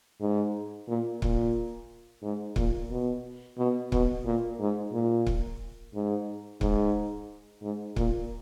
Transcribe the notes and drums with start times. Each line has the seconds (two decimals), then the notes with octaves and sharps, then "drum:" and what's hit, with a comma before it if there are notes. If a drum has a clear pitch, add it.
0.21 G#2
0.88 A#2
1.22 A#2, drum: kick C#1
2.22 G#2
2.56 A#2, drum: kick C#1
2.90 B2
3.58 B2
3.92 B2, drum: kick C#1
4.25 A#2
4.60 G#2
4.93 A#2
5.27 drum: kick C#1
5.94 G#2
6.61 G#2, drum: kick C#1
7.62 G#2
7.96 A#2, drum: kick C#1